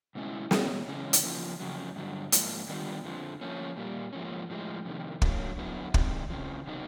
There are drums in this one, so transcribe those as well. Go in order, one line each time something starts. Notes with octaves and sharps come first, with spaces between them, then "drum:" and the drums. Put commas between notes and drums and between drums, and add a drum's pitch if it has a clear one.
B2 G#3 C#4 E4
B2 G#3 B3, drum: snare
C#3 E3 G#3 C#4
drum: hi-hat
C#3 F3 A#3
F2 C#3 F#3
G2 D3 F#3
G#2 F3 A#3, drum: hi-hat
D#3 G3 B3 D4 F4
F2 D3 F3
F3 A#3 C#4
A#2 G3 A#3
G#2 F3 A#3 C#4
A2 F3 G#3
F2 C3 D#3
D3 F#3 A#3, drum: kick
F#2 D3 F#3 B3 E4
C3 D#3 G#3, drum: kick
F2 C#3 F3
C3 D#3 F#3 B3 D#4